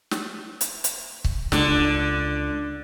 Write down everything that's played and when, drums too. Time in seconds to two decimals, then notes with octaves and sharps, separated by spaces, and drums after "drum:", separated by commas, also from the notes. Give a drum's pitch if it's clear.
0.11 drum: snare
0.61 drum: hi-hat
0.84 drum: hi-hat
1.24 drum: kick C#1
1.52 C#2 D3, drum: snare